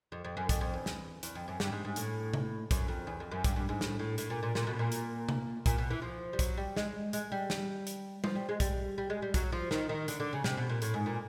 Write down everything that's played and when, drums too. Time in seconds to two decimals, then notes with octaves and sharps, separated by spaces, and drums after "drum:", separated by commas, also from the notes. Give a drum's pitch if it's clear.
0.12 F2
0.25 F2
0.37 F#2
0.49 F2, drum: kick, hi-hat
0.61 F2
0.74 E2
0.86 drum: snare
1.23 E2, drum: hi-hat
1.35 F2
1.48 F#2
1.60 G2, drum: snare
1.72 G#2
1.85 G#2
1.96 A2, drum: hi-hat
2.34 drum: tom C3
2.71 F#2, drum: kick, hi-hat
2.88 F2
3.07 E2
3.20 F2
3.31 F#2
3.44 G2, drum: kick, hi-hat
3.56 G2
3.69 G#2
3.81 A2, drum: snare
3.99 A2
4.18 A2, drum: hi-hat
4.30 A#2
4.43 A#2
4.55 A#2, drum: snare
4.67 B2
4.79 A#2
4.92 drum: hi-hat
5.29 drum: tom C3
5.66 A#2, drum: kick, hi-hat
5.78 B2
5.90 E3
6.02 F3
6.33 G3
6.39 F#3, drum: kick, hi-hat
6.57 G3
6.76 G#3, drum: snare
7.13 G#3, drum: hi-hat
7.32 G3
7.50 drum: snare
7.87 drum: hi-hat
8.24 F3, drum: tom G3
8.35 G3
8.49 G#3
8.60 G3, drum: kick, hi-hat
8.98 G3
9.10 G#3
9.22 G3
9.34 F#3, drum: kick, hi-hat
9.52 F3
9.71 D#3, drum: snare
9.89 D#3
10.08 D3, drum: hi-hat
10.20 D3
10.33 C#3
10.44 C3, drum: snare
10.57 B2
10.70 A#2
10.82 A2, drum: hi-hat
10.94 G#2
11.06 A#2